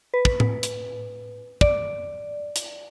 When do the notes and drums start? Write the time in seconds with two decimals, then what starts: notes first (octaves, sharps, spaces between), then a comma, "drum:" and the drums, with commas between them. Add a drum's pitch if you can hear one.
0.14 B4
0.25 drum: kick
0.40 drum: tom A2
0.63 drum: hi-hat
1.61 D5, drum: kick
2.56 drum: hi-hat